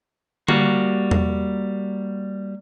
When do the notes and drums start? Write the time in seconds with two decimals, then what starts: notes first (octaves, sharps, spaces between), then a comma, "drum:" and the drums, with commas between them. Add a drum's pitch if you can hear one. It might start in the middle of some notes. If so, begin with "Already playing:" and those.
0.48 G3 A#3 F#4, drum: tom D3
1.11 drum: tom E2